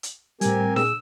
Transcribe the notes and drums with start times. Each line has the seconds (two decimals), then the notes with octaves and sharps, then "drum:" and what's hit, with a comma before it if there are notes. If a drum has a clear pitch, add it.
0.03 drum: hi-hat
0.41 A2 G3 C4 G4 A#4 G#5, drum: hi-hat
0.76 A#2 G#4 E6, drum: snare D4